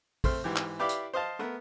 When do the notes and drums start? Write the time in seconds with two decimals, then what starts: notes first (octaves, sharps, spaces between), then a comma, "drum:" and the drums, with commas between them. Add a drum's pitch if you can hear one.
0.24 A3 C4 C6 F6, drum: kick A1, open hi-hat
0.44 G#2 E3 G4
0.56 drum: clap
0.79 E4 G4 B4 D5 F5 D6
0.89 drum: hi-hat
1.14 C5 D#5 F5 A5
1.39 A3 B3 A#4